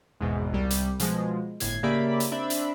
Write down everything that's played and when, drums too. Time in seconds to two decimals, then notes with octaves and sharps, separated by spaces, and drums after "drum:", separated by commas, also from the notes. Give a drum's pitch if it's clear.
0.20 G#1 E2 G#2 B2
0.53 C2 G3
0.70 drum: hi-hat
1.00 B2 F3 G#3, drum: hi-hat
1.60 G1 A2 G#6 C7, drum: hi-hat
1.83 C#3 A#3 G4 D5 E5 B5
2.20 drum: hi-hat
2.32 C4 D4 E5 B5
2.50 drum: hi-hat